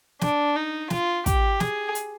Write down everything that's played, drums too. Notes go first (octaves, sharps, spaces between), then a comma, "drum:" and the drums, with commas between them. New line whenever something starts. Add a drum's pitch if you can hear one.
D4, drum: snare
D#4
F4, drum: snare
G4, drum: kick, hi-hat
G#4, drum: snare
drum: hi-hat